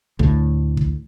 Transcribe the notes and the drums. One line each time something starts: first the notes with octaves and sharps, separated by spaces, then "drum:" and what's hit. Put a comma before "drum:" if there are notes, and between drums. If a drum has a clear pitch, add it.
D2 A2, drum: kick
drum: kick